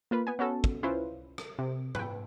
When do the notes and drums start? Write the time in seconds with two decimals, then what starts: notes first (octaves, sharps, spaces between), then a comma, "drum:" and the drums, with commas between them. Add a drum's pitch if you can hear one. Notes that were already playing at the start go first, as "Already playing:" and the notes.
0.11 A#3 F4 B4
0.27 B3 G#5
0.39 B3 C#4 F#4 A4
0.64 drum: kick
0.83 C#4 E4 F4 B4 C5
1.38 drum: rim click
1.59 C3
1.95 B4 G5, drum: tom G#2